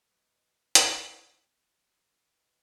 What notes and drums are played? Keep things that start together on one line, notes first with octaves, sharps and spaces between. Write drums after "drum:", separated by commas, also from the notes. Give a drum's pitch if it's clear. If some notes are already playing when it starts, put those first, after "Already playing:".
Already playing: G#2 D#3 F#3
B4 D#5
drum: hi-hat
A#2 F#3
B4 D#5